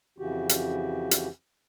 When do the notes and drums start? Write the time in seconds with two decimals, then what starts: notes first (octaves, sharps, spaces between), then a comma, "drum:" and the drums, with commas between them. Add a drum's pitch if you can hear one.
0.18 F2 C#3 E3 F#4 G4
0.49 drum: hi-hat
1.11 drum: hi-hat